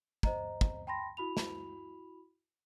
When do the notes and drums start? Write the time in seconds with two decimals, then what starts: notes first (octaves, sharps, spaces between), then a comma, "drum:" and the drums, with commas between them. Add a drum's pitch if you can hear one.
0.23 C5 D#5 A#5, drum: kick
0.61 drum: kick
0.87 G5 A5 B5 C6 A#6
1.17 E4 F#4 B5 F7
1.37 drum: snare